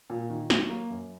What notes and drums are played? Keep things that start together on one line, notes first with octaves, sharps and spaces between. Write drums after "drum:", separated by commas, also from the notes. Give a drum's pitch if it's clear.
A#2
D#3
F#3, drum: snare
A#3
F#2